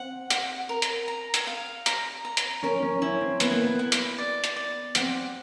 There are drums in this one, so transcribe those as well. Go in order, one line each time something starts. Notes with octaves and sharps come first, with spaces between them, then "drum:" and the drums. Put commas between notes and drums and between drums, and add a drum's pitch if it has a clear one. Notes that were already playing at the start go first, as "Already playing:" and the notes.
Already playing: C4 F#5
F#5, drum: hi-hat
A#4
drum: hi-hat
A#5
drum: hi-hat
F5
A#5, drum: hi-hat
A#5
drum: hi-hat
C#4 A#4
C#4
C#4 E4
C4
B3 E4, drum: hi-hat
A#3
B3
E4
drum: hi-hat
D5
drum: hi-hat
D5
C4 F#5, drum: hi-hat